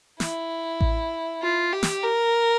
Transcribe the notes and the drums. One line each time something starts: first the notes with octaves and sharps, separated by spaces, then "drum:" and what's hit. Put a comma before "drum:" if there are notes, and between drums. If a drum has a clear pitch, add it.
E4, drum: snare
drum: kick A1
F4
G4
drum: snare
A#4